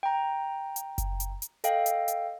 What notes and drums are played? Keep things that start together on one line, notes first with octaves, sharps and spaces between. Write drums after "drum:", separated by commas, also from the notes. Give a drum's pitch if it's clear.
G5 A#5
drum: hi-hat
drum: kick F#1, hi-hat
drum: hi-hat
drum: hi-hat
A4 D#5 F5 G5, drum: hi-hat
drum: hi-hat
drum: hi-hat